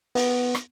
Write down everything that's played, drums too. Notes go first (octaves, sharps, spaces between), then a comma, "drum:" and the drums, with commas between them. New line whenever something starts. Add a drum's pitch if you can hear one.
B3, drum: open hi-hat
drum: rim click